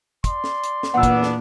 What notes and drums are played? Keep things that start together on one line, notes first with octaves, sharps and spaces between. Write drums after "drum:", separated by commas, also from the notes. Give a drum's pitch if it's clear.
D5 C6, drum: kick, hi-hat
drum: snare
drum: hi-hat
drum: snare
E2 A#2 B3 D4 F#5 E6
drum: kick, hi-hat
drum: snare